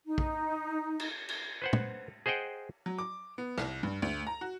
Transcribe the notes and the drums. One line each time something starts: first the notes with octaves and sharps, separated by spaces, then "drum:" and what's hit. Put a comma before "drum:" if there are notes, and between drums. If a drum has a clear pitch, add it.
D#4
drum: kick
drum: cymbal
drum: cymbal
B4 C5 F#5
drum: tom
G#4 C5 D#5 F#5 G5
F#3
D6
B3
C2, drum: rim click
G2
D2
A#5
F#4